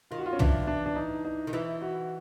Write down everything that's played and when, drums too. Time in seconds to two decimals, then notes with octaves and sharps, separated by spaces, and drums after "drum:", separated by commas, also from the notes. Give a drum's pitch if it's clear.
0.11 D#3 F4
0.18 F#4
0.26 F4
0.33 C#4
0.39 E3 D4, drum: tom
0.67 D4
0.86 D4
0.96 D#4
1.25 D#4
1.47 D#3
1.53 E3 E4
1.82 F#4